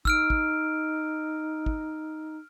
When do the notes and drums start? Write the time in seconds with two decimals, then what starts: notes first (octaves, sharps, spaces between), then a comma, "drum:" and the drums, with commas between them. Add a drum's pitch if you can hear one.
0.05 D#4 E6 F6 D7, drum: kick
0.30 drum: kick
1.66 drum: kick